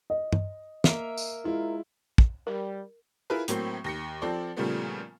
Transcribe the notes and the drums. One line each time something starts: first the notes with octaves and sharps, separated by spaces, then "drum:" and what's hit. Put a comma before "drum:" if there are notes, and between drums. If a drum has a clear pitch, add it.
D#5
drum: tom
A#3 A#4 E5, drum: snare
drum: tambourine
G#3 E4 F4
drum: kick
G3 A#4
E4 F4 G#4 A#4 B4
A2 F#3 A#3 C4, drum: hi-hat
D#2 A#6 C#7
F3 C4 A4 D5
A#2 C#3 F3 G3 A3 B3